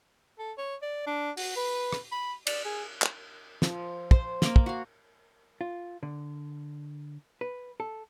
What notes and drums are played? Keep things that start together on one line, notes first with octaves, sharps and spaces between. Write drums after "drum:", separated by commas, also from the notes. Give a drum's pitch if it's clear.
A4
C#5
D5
D4
F#4, drum: open hi-hat
B4
drum: rim click
B5
D5, drum: cymbal
G#4
drum: clap
F3, drum: snare
C5, drum: kick
A#3 D6, drum: snare
drum: kick
F#4 F5
F4
D3
B4
A4